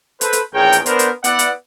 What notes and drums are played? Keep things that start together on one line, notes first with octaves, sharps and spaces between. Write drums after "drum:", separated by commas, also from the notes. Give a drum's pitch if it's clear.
A4 B4 C5, drum: hi-hat
drum: hi-hat
A#1 E2 G#4 A#4 C#5 G5
drum: hi-hat
B3 D4 A#4 C5, drum: hi-hat
drum: hi-hat
B3 E4 D5 F#5, drum: hi-hat
drum: hi-hat